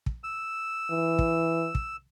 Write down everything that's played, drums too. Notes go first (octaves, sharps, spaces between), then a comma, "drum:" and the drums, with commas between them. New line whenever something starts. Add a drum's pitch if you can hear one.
drum: kick
E6
E3
drum: kick
drum: kick